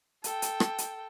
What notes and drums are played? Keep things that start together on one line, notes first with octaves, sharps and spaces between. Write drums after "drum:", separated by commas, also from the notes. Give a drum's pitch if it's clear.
A4 G5, drum: hi-hat
drum: hi-hat
drum: rim click
drum: hi-hat